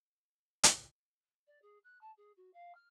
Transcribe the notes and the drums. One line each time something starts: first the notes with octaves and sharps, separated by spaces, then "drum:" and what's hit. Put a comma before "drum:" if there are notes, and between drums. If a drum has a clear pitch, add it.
drum: hi-hat
D5
G#4
F#6
A5
G#4
F#4
F5
F6